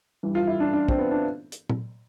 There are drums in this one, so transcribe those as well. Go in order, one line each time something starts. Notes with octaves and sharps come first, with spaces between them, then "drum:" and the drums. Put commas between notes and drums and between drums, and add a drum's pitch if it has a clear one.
G2 E3 G3
F4
E4
D4
D4
C4, drum: kick
B3
D4
drum: hi-hat
drum: tom A#2